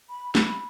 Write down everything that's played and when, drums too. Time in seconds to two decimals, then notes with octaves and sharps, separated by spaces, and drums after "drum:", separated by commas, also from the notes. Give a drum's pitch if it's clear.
0.10 B5
0.35 B5, drum: snare